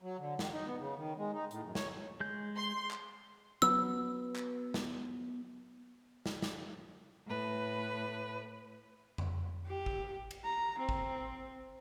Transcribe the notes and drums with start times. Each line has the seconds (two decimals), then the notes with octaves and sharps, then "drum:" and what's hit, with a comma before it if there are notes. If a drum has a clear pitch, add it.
0.02 F#3
0.18 D3
0.39 D#3, drum: snare
0.52 D#4
0.67 B3
0.79 C#3
0.97 D#3
1.18 G#3
1.34 D#4
1.51 A2, drum: hi-hat
1.63 F#2
1.75 C#5, drum: snare
2.20 G#3 G6
2.56 C6
2.91 drum: clap
3.62 F#3 B3 E6
4.36 drum: clap
4.74 drum: snare
6.26 drum: snare
6.42 drum: snare
7.27 A2 B4
9.18 drum: tom F2
9.67 G4
9.86 drum: kick
10.31 drum: cymbal
10.45 A#5
10.79 C4
10.89 drum: kick